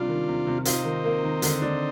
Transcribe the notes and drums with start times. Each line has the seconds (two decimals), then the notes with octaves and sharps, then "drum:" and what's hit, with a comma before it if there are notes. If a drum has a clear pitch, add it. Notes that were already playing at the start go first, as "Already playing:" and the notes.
Already playing: C3 G3 D4 F4
0.08 D#3
0.28 C3
0.47 C3
0.65 C4 D#4 F4, drum: hi-hat
0.84 D#3
1.04 A#3
1.23 D#3
1.42 D3, drum: hi-hat
1.62 D4